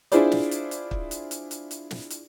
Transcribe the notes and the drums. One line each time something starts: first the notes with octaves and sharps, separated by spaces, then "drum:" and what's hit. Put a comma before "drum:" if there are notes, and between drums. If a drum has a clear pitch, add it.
D4 E4 F4 G#4 C5 D5, drum: hi-hat
drum: snare
drum: hi-hat
drum: hi-hat
drum: kick
drum: hi-hat
drum: hi-hat
drum: hi-hat
drum: hi-hat
drum: snare
drum: hi-hat